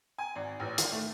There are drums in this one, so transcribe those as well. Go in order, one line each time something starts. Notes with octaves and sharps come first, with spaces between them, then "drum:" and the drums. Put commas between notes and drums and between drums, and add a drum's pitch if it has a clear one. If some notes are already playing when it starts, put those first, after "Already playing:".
G#5
G#1
A1
D#3, drum: hi-hat
A3